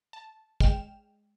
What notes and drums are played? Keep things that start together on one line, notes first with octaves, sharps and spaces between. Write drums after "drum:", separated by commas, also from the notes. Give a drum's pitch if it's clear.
A5
G#3 G5 F6 E7, drum: kick